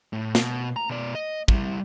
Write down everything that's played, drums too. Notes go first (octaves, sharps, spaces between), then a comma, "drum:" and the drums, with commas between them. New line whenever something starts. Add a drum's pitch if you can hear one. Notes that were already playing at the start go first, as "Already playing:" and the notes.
A2
B2, drum: snare
A#5
B2 D5
D#5
G3 E4, drum: kick